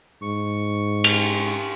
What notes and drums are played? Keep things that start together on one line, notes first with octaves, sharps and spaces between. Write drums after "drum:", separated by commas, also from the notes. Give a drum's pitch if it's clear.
G#2 C#6
F7, drum: cymbal